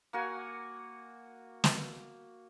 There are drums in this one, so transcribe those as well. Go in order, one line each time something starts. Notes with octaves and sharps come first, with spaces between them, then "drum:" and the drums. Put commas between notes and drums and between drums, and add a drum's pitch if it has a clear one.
A#3 F#4 F#5 G#5
drum: snare